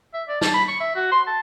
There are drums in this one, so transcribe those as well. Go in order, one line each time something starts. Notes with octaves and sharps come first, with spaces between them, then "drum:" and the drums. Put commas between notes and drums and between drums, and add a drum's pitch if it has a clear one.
E5
D5
A5, drum: snare
B5
C#6
E5
F#4
C6
A5